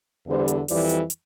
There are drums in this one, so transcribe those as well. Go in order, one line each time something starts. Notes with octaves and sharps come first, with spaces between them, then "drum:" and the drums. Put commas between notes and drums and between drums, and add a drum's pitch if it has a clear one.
E2 D3 G3 C5
drum: hi-hat
F2 E3 G3 D5, drum: open hi-hat
drum: hi-hat
drum: hi-hat